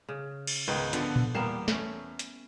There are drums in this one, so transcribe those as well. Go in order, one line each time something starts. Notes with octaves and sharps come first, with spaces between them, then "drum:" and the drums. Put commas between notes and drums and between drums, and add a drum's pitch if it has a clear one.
C#3
drum: cymbal
C#2 G#2 D#3 B3 B4 G6
D3 F3 B3, drum: hi-hat
drum: tom A#2
E2 G3 A#3 B3 C7 E7
A3 C#4, drum: snare
drum: hi-hat